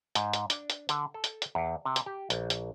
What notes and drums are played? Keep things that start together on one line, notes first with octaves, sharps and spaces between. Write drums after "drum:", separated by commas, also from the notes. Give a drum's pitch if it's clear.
G#2, drum: hi-hat
drum: hi-hat
D4, drum: hi-hat
drum: hi-hat
D3, drum: hi-hat
A4
drum: hi-hat
drum: hi-hat
E2
C3
drum: hi-hat
G4
A#1, drum: hi-hat
drum: hi-hat